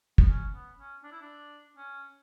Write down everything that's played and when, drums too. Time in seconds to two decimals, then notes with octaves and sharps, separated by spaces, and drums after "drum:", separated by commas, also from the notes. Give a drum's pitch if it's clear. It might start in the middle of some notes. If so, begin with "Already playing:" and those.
0.18 B3, drum: kick
0.28 C#4
0.53 B3
0.78 C#4
1.03 D4
1.12 E4
1.21 D4
1.77 C#4